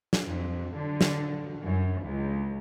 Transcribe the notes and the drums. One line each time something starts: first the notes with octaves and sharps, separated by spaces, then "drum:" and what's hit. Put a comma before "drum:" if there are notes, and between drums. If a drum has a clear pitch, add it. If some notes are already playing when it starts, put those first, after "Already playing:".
drum: snare
F2
D3
drum: snare
F#2
C#2